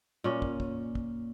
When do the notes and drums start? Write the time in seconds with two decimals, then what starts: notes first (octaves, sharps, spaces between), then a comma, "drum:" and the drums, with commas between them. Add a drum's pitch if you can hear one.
0.24 A#2 C#4
0.42 drum: kick
0.60 drum: kick
0.95 drum: kick